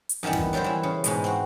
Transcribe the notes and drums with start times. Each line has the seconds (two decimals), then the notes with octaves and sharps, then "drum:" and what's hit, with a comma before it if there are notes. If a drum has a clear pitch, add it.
0.09 drum: hi-hat
0.23 F#2 D#3 E3 G3 B3
0.33 drum: snare
0.53 F#3 G3 E4 A#4 C5
0.64 E3 E4
0.83 C#3
1.04 G#2 B2 G#3, drum: hi-hat
1.24 C4 F#4